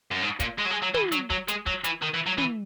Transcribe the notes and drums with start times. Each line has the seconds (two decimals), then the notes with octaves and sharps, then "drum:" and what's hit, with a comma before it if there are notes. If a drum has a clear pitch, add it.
0.11 F#2
0.22 G#2
0.40 A#2, drum: kick, hi-hat
0.58 G#3
0.65 F#3
0.70 G#3
0.82 F#3
0.94 E3, drum: tom
1.12 F#3, drum: hi-hat
1.30 F#3, drum: kick
1.48 G#3, drum: hi-hat
1.66 F#3, drum: kick
1.84 E3, drum: hi-hat
2.02 D#3
2.14 E3
2.26 F#3
2.38 E3, drum: tom